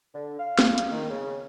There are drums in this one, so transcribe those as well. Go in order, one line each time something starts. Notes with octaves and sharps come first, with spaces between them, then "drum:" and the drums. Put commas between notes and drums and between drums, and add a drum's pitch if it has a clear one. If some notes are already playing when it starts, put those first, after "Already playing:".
D3
F5
drum: snare
drum: hi-hat
D#3
C#3